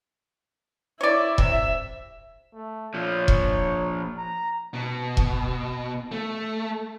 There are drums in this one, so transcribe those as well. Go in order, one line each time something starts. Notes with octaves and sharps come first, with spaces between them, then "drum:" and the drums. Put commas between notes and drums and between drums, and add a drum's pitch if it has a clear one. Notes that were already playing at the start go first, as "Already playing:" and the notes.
E4 C#5 D5
C3 E5, drum: kick E1
A3
A#2 F3 C#5
drum: kick E1
A#5
B2
drum: kick E1
A3